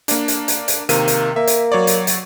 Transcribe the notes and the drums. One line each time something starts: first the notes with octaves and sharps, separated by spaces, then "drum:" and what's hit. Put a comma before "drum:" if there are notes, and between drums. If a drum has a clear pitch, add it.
A#3 D4, drum: hi-hat
drum: hi-hat
drum: hi-hat
drum: hi-hat
C3 D#3 A#3 D#7, drum: hi-hat
drum: hi-hat
A#3 E5
drum: hi-hat
F#3 C#5 D5
drum: hi-hat
drum: hi-hat